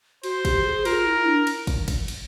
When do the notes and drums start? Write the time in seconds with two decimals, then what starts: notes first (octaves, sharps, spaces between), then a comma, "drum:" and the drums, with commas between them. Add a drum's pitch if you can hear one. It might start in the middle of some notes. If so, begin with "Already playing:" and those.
0.23 F#4 C5, drum: cymbal
0.45 G4, drum: kick, cymbal
0.65 G#4
0.85 F4 A#4, drum: cymbal
1.06 E4
1.26 D4
1.47 drum: cymbal
1.67 drum: kick, cymbal
1.88 drum: kick, cymbal
2.08 drum: cymbal